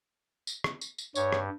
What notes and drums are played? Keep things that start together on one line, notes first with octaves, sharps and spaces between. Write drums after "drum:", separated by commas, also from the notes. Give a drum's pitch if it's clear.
drum: tambourine
drum: rim click
drum: tambourine
drum: tambourine
G2 C#5, drum: tambourine
drum: rim click